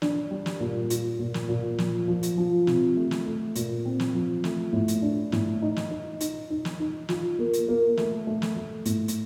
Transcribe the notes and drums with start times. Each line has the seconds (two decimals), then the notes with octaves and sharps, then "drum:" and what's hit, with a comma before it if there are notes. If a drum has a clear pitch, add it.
0.02 D4, drum: snare
0.31 G3
0.46 drum: snare
0.60 A#2
0.90 F4, drum: hi-hat
1.19 A#2
1.34 drum: snare
1.49 A#2
1.78 F3, drum: snare
2.08 F3
2.23 drum: hi-hat
2.38 F3
2.67 C3, drum: snare
2.97 A3
3.11 drum: snare
3.26 A3
3.55 A#2, drum: hi-hat
3.85 C4
4.00 drum: snare
4.15 F3
4.44 A3, drum: snare
4.73 A2
4.88 drum: hi-hat
5.02 D4
5.32 A2, drum: snare
5.62 D#4
5.76 drum: snare
5.91 D#4
6.20 D#4, drum: hi-hat
6.50 D#4
6.65 drum: snare
6.80 D#4
7.09 F4, drum: snare
7.39 A#3
7.53 drum: hi-hat
7.68 A#3
7.97 A3, drum: snare
8.27 A3
8.42 drum: snare
8.56 A3
8.85 A2, drum: hi-hat
9.08 drum: hi-hat